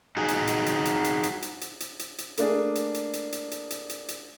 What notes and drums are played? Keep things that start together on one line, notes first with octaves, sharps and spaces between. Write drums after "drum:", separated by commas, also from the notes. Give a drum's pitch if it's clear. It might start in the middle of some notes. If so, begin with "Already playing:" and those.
D#4 F#4 G#4
drum: hi-hat
drum: hi-hat
drum: hi-hat
drum: hi-hat
drum: hi-hat
drum: hi-hat
drum: hi-hat
drum: hi-hat
drum: hi-hat
drum: hi-hat
drum: hi-hat
A3 A#3 D4 G#4, drum: hi-hat
drum: hi-hat
drum: hi-hat
drum: hi-hat
drum: hi-hat
drum: hi-hat
drum: hi-hat
drum: hi-hat
drum: hi-hat